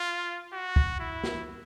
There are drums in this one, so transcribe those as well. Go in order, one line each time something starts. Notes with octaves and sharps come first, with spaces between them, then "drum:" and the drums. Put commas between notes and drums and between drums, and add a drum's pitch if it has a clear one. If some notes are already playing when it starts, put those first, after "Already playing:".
Already playing: F4
F#4
drum: kick
E4
drum: snare